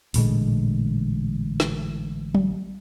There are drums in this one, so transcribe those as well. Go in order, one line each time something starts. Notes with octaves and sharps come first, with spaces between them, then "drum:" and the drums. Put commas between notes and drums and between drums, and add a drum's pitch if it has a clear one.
A1 A#2 D3 G#3, drum: open hi-hat
drum: snare
drum: tom F#3